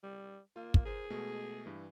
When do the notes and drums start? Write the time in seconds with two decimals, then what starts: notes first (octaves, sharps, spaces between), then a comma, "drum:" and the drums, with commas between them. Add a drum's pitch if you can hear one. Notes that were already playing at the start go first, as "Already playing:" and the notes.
0.04 G3
0.56 A#3 F4
0.74 drum: kick
0.85 G#4 A#4 C5
1.10 B2 G#3 A3
1.66 G2 E3